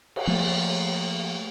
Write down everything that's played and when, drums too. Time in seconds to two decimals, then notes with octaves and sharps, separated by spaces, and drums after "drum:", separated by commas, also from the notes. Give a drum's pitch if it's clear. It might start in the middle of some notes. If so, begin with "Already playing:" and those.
0.16 drum: cymbal
0.27 F3 A3 A#3